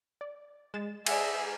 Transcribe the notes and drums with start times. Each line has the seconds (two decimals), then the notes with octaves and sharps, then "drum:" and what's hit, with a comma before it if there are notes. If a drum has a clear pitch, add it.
0.21 D5
0.74 G#3 A6 E7
1.06 G#4 D5 E5 F#5 G#5, drum: cymbal